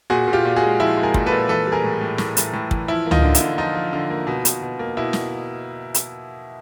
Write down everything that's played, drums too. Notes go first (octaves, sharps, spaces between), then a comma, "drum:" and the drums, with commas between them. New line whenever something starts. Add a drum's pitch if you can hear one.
A#2 F#4 G#4
A#2
F4 G4
A#2
F#4 G#4
G#3
F3 E4
G#3
G#4 A#4
A#2, drum: kick
A4 B4
A#2
E3 A4 B4
G3
G#4 A#4
A2
A2
A2, drum: snare
A2, drum: hi-hat
A2
E3, drum: kick
F3 E4
A#3
D#4 F4, drum: tom C#2
D3
E4, drum: hi-hat
D3
F3 D#4 F4
F3
D3
A#3
B2
B2, drum: hi-hat
B2
A#3
B2 E4
drum: snare
drum: hi-hat